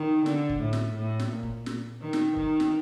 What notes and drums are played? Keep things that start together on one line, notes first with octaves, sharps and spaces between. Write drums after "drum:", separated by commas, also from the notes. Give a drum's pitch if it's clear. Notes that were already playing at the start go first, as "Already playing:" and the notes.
Already playing: D#3
D3, drum: snare
drum: kick
A2
drum: snare
A2
drum: snare
A#2
drum: kick
drum: snare
D#3
drum: snare
D#3, drum: kick
drum: snare